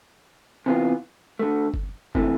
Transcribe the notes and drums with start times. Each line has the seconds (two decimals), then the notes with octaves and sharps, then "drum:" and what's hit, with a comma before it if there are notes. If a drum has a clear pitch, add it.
0.66 C3 E3 B3 F4
1.39 D2 D3 A3
1.74 drum: kick
2.15 C3 E3 A3, drum: kick